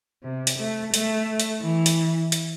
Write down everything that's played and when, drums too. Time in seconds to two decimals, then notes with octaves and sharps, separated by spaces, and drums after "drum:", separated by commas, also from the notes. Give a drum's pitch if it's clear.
0.23 C3
0.47 drum: hi-hat
0.59 A3
0.94 A3, drum: hi-hat
1.40 drum: hi-hat
1.62 E3
1.86 drum: hi-hat
2.32 drum: hi-hat